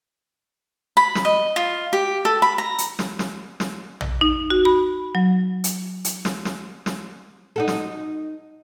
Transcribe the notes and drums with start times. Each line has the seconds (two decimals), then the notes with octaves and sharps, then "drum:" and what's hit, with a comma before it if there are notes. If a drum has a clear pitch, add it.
0.97 B5
1.15 drum: snare
1.25 D#5
1.56 F4
1.93 G4
2.25 A4
2.42 B5
2.58 A#5
2.78 drum: hi-hat
2.99 drum: snare
3.19 drum: snare
3.60 drum: snare
4.01 drum: tom A#1
4.21 D#4
4.50 F#4
4.65 B5
5.15 F#3
5.64 drum: hi-hat
6.05 drum: hi-hat
6.25 drum: snare
6.45 drum: snare
6.86 drum: snare
7.56 D#4 F#4 A4
7.68 drum: snare